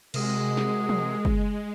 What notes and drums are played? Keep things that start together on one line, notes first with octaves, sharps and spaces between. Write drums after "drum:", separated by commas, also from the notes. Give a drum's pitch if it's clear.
C3 G#3 F#4 G#4 A#4, drum: cymbal
drum: snare
drum: tom
drum: kick